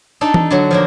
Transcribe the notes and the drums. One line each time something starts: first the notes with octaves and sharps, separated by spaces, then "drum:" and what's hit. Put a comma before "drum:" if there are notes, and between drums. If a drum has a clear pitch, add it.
D4 D#4 A4
drum: tom E3
D3 F#3
F3 F#3 A#3